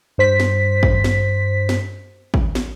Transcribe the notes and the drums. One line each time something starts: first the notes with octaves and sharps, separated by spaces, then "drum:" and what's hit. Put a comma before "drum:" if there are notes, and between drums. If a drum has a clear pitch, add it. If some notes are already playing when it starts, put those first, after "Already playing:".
G2 C5 B6
drum: snare
drum: kick
drum: snare
drum: snare
drum: kick
drum: snare